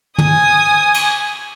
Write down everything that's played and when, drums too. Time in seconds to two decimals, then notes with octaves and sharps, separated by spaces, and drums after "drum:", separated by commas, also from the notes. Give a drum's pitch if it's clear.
0.18 G#5 D#6, drum: tom
0.94 drum: cymbal